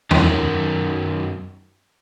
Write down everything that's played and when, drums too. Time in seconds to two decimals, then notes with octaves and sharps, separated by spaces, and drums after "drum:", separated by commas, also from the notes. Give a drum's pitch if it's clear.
0.11 F#2 D#3, drum: tom E2